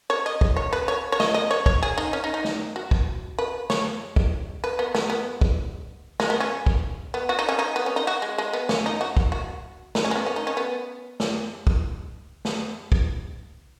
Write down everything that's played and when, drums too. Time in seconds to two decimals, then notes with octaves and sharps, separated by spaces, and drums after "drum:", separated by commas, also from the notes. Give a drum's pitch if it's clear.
0.10 C#5
0.26 D#5
0.41 drum: kick
0.57 C#5
0.73 B4
0.88 C#5
1.12 C#5
1.20 D#5, drum: snare
1.34 D#5
1.51 C#5
1.66 C#5, drum: kick
1.83 G#4
1.98 D#4
2.13 C#4
2.24 D#4
2.34 D#4
2.44 drum: snare
2.76 F#4
2.91 drum: kick
3.39 B4
3.70 C#5, drum: snare
4.16 drum: kick
4.64 B4
4.79 B3
4.95 B3, drum: snare
5.10 B3
5.41 drum: kick
6.20 G#3, drum: snare
6.30 B3
6.40 C#4
6.66 drum: kick
7.14 B3
7.29 F#4
7.39 D#4
7.49 C#4
7.59 D#4
7.76 B3
7.86 C#4
7.96 D#4
8.07 F#4
8.22 G#3
8.38 G#3
8.53 B3
8.69 C#4, drum: snare
8.86 D#4
9.01 F#4
9.17 drum: kick
9.32 F#4
9.95 D#4, drum: snare
10.05 C#4
10.11 G#3
10.16 B3
10.26 C#4
10.36 D#4
10.47 C#4
10.57 B3
11.20 drum: snare
11.67 drum: kick
12.45 drum: snare
12.92 drum: kick